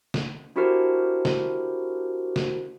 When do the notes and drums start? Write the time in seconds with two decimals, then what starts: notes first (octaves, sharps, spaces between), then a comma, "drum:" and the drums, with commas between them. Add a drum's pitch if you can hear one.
0.14 drum: snare
0.56 D4 E4 F#4 G4 A#4 C5
1.25 drum: snare
2.36 drum: snare